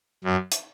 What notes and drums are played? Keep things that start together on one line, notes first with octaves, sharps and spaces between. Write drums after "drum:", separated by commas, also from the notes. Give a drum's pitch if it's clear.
F#2
drum: hi-hat